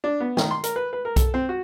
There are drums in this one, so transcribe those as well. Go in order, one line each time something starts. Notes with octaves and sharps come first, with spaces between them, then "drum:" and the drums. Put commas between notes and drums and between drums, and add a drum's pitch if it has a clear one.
D4
B3
D#3, drum: snare
C6
A#4, drum: hi-hat
B4
B4
A#4
A4, drum: kick B1, hi-hat
C4
F#4